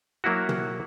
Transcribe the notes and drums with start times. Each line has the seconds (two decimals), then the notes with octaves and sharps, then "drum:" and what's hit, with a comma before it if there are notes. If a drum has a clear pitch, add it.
0.24 F#3 A#3 E4 F#4
0.49 drum: tom